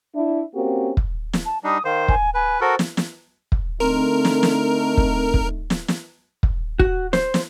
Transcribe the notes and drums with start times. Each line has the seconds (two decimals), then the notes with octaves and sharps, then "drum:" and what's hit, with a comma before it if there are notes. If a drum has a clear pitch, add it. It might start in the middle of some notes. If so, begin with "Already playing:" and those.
0.15 D4 E4
0.55 A#3 C4 C#4 F#4 G4
0.97 drum: kick
1.33 drum: snare
1.45 A5
1.64 G3 D4 D#4 D#6
1.85 D#3 C5 F5
2.08 G#5, drum: kick
2.34 B4 G#5
2.61 F#4 A4 A#4 C5
2.79 drum: snare
2.97 drum: snare
3.52 drum: kick
3.80 D3 A3 C4 D#4 A#4
4.25 drum: snare
4.43 drum: snare
4.97 drum: kick
5.34 drum: kick
5.70 drum: snare
5.88 drum: snare
6.43 drum: kick
6.79 F#4, drum: kick
7.13 C5, drum: snare
7.34 drum: snare